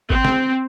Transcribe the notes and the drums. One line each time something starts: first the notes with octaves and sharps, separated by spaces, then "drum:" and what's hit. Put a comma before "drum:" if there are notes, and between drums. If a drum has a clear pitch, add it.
C4, drum: kick
drum: snare